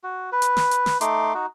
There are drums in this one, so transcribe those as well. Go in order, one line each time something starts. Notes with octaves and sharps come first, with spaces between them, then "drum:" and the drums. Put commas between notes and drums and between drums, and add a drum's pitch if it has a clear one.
F#4
B4
drum: hi-hat
drum: snare
drum: hi-hat
drum: snare
A3 D#4 C6 D6, drum: hi-hat
D#4 F#4